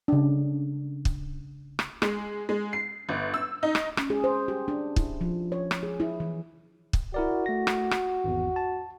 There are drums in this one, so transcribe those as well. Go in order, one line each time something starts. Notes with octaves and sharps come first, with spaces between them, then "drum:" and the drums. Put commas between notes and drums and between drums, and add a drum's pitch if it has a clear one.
C#3 D4
drum: kick
drum: rim click
G#3, drum: rim click
G#3
C7
G1
E6
D#4
drum: rim click
C#4, drum: rim click
G#4
C5
G4
D4
E4, drum: kick
F3
C#5
drum: rim click
G#4
E4
E3
drum: kick
E4 F#4 A#4 D5
A3 A#6
drum: rim click
drum: rim click
G#1 E2
A5